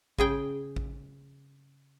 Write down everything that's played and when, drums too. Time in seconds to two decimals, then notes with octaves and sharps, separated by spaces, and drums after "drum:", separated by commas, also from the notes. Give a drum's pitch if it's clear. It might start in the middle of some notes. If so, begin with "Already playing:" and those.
0.19 C#3 G#4 G5, drum: kick A1
0.76 drum: kick A1